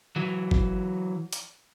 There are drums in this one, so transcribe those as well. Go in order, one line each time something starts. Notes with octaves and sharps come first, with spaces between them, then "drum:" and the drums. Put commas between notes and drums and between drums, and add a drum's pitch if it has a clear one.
E3 F#3
drum: kick G1
drum: hi-hat